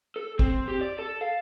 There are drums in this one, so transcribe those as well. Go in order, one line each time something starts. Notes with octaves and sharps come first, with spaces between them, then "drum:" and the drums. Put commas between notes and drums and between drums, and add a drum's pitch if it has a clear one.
A4
C4, drum: kick
G4
D5
A4
F5